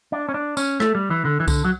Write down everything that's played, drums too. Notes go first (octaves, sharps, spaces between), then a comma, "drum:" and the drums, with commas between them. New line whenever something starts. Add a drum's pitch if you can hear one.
D4
C#4
D4
C#4, drum: tambourine
A3, drum: rim click
G3
E3
D3
E3
D3, drum: kick C2, tambourine
F#3